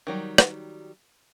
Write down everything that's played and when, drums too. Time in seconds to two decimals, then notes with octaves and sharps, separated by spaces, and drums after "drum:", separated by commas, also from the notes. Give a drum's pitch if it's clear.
0.07 D#3 F#3 G3
0.38 drum: rim click